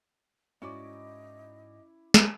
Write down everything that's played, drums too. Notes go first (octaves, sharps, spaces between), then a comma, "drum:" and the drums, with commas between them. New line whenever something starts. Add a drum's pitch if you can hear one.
G#2 C#4 E4 F#4 D5 D#5 D6
drum: snare